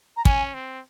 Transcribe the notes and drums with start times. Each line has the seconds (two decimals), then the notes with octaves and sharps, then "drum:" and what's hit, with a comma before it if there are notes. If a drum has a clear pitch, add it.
0.17 A#5
0.25 C#4 G#5, drum: kick
0.54 C4